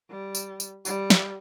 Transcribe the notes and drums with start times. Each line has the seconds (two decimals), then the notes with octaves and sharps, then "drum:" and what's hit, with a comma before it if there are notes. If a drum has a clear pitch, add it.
0.11 G3
0.35 drum: tambourine
0.60 drum: tambourine
0.85 G3, drum: tambourine
1.10 drum: snare